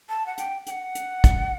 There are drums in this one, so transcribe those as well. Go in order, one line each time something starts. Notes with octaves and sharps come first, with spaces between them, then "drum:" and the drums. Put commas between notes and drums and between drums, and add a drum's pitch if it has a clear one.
A5
F#5
G5, drum: hi-hat
G5, drum: hi-hat
F#5
drum: hi-hat
drum: kick, hi-hat